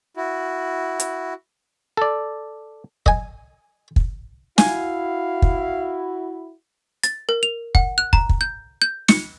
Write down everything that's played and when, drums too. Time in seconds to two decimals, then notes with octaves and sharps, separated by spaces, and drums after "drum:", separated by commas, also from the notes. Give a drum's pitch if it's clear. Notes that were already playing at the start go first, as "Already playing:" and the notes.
0.17 E4 F#4
1.00 drum: hi-hat
1.97 A4 D5
3.06 D#5 G#5, drum: kick
3.96 drum: kick
4.58 E4 F#4 F5 G#5, drum: snare
5.42 drum: kick
7.04 A6, drum: hi-hat
7.29 A#4
7.43 F7
7.75 F#5, drum: kick
7.98 F#6
8.13 A#5, drum: kick
8.29 drum: kick
8.41 G6
8.82 G6
9.08 C#7, drum: snare